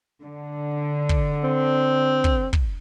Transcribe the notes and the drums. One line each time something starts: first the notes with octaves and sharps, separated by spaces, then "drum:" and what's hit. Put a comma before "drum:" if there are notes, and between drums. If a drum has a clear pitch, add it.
D3
drum: kick
C4
drum: kick
drum: kick